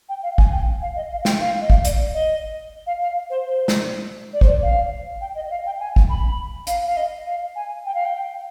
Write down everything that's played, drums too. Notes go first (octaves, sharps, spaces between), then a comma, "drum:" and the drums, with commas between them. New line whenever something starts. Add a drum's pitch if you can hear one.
G5
F5
G#5, drum: kick
G5
F5
D#5
F5
G5, drum: snare
F5
D#5
F5, drum: kick
D5, drum: hi-hat
D#5
F5
F5
C5
C5
drum: snare
D5
C5, drum: kick
D5
F5
G5
D#5
D#5
F5
G5
G#5
drum: kick
B5
F5, drum: hi-hat
F5
D#5
F5
G#5
G5
F5
G5